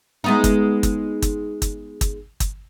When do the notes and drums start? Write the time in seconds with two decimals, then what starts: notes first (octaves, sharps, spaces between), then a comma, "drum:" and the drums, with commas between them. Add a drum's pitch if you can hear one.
0.24 G#3 B3 D#4
0.44 drum: kick, hi-hat
0.83 drum: kick, hi-hat
1.22 drum: kick, hi-hat
1.62 drum: kick, hi-hat
2.01 drum: kick, hi-hat
2.40 drum: kick, hi-hat